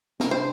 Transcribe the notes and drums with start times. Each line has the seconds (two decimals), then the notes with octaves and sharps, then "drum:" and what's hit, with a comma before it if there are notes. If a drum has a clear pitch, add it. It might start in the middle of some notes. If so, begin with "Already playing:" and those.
0.20 C3 G3 D4 A#4, drum: snare
0.31 C5